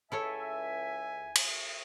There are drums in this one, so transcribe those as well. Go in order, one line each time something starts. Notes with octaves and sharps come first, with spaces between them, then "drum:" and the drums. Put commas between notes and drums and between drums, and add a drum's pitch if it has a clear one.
C#2 E4 A4 C#5 E5 G#5
drum: cymbal